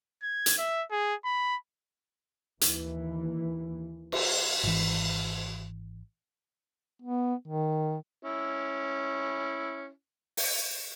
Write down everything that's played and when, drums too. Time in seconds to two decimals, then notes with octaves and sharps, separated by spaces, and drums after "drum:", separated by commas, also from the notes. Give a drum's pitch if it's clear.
0.23 G#6
0.46 drum: hi-hat
0.58 E5
0.91 G#4
1.24 B5
2.61 D#2 E3, drum: hi-hat
4.12 drum: cymbal
4.64 G#1 E3
7.02 B3
7.48 D#3
8.23 C#4 E4
10.37 drum: open hi-hat